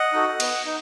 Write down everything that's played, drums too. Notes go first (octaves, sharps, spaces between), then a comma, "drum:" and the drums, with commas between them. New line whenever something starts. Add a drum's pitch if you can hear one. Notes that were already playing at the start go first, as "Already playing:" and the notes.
Already playing: D#5 F#5
D#4 F#4 A4
B3, drum: cymbal
D#4